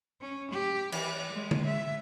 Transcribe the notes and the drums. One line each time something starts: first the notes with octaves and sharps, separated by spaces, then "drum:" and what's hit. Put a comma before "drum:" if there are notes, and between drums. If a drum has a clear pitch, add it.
C#4
G4
E3, drum: cymbal
G#3
drum: tom D3
E5